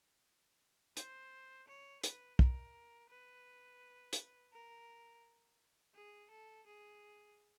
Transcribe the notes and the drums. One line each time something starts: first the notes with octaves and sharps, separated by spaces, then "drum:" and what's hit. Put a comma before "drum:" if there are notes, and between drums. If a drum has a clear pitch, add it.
C5, drum: hi-hat
C#5
B4, drum: hi-hat
A#4, drum: kick
B4
drum: hi-hat
A#4
G#4
A4
G#4